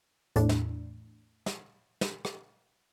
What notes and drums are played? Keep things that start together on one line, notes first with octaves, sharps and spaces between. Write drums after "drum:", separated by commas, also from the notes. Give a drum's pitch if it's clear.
E2 A2 D4, drum: hi-hat
drum: snare
drum: snare
drum: snare
drum: rim click